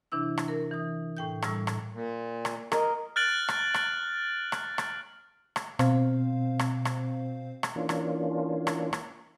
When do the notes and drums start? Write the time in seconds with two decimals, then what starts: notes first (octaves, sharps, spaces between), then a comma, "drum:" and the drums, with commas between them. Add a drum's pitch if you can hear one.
0.12 C3 E3 D4 E4 E6
0.38 drum: rim click
0.48 A#4
0.71 E3 D#6
1.17 A2 G5 G6
1.42 A2 G3 E6 F6, drum: rim click
1.67 drum: rim click
1.94 A#2
2.45 drum: rim click
2.72 A#4 D#5, drum: rim click
3.16 F6 F#6 A6 D7 F#7
3.48 drum: rim click
3.74 drum: rim click
4.52 drum: rim click
4.78 drum: rim click
5.56 drum: rim click
5.79 B2 C4 C5 F5, drum: rim click
6.59 drum: rim click
6.85 drum: rim click
7.63 drum: rim click
7.76 E3 A#3 C#4 D4 F4
7.89 drum: rim click
8.67 drum: rim click
8.93 drum: rim click